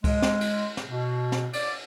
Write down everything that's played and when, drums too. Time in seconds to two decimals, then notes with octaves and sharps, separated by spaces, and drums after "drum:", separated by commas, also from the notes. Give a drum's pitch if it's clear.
0.04 G#3, drum: kick C#2, cymbal
0.22 drum: snare
0.41 drum: cymbal
0.77 drum: snare
0.90 B2
1.32 drum: snare
1.53 D5, drum: cymbal